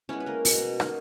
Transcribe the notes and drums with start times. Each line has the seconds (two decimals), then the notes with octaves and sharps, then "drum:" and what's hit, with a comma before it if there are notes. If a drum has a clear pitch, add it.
0.09 G#3 B3 C#4 E4 C#5
0.20 B4
0.26 A#3 A#4
0.45 B2, drum: open hi-hat
0.80 F#3 A#3 D#4, drum: rim click